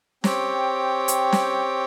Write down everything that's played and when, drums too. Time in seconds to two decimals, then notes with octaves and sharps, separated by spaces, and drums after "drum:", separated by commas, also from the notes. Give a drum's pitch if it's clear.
0.24 C4 G4 C#5 G5, drum: snare
1.08 drum: hi-hat
1.32 drum: snare